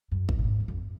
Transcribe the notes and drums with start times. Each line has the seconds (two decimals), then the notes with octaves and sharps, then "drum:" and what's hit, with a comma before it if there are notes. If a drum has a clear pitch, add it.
0.11 F#2
0.29 G2, drum: kick
0.39 A2
0.44 G#2
0.60 F#2
0.68 F2